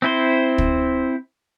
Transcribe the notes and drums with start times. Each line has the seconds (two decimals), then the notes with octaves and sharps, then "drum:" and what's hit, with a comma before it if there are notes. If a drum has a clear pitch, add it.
0.02 C4 E4 C5
0.58 drum: kick